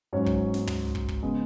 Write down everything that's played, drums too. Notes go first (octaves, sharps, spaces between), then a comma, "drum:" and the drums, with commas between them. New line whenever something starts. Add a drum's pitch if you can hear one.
G#2 F#3 C#4 C#5
drum: kick
drum: snare
drum: tom
drum: kick
drum: kick
C#3 G#3 B3